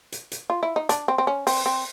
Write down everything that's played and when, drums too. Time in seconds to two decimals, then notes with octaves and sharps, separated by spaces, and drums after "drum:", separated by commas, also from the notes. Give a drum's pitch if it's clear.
0.12 drum: hi-hat
0.32 drum: hi-hat
0.50 F4
0.63 E4
0.76 D#4
0.89 D4, drum: hi-hat
1.08 C4
1.18 C4
1.27 C#4
1.47 C4, drum: open hi-hat
1.66 C4